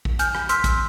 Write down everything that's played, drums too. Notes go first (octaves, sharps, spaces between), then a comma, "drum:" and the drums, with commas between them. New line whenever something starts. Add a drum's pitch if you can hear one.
drum: kick A#1
G#5 F6 G6, drum: hi-hat
drum: rim click
C6 E6 F6 B6, drum: hi-hat
drum: kick A#1, hi-hat